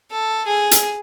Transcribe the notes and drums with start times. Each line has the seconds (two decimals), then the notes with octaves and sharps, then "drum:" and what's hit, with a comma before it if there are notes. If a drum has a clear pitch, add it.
0.11 A4
0.47 G#4
0.71 drum: hi-hat